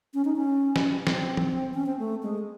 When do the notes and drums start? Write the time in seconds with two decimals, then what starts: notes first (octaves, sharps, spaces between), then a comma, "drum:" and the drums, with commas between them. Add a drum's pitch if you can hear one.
0.14 C#4
0.25 D#4
0.36 C#4
0.76 drum: snare
1.07 C4, drum: snare
1.37 drum: tom
1.74 C#4
1.86 C4
1.99 A3
2.23 G#3